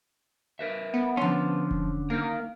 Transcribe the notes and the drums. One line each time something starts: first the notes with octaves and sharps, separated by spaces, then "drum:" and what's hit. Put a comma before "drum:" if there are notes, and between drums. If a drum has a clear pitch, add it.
A#4 B4 E5
B3
D3 F3 C#4 C6
drum: kick E1
A#3 D#4 A#4